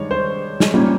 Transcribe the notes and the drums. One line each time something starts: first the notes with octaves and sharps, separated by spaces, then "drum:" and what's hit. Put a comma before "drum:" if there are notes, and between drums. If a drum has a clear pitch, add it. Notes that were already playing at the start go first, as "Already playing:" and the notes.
Already playing: G2 D#3 G#3 C#5
C5
drum: snare
A#2 G3 A#3 C#4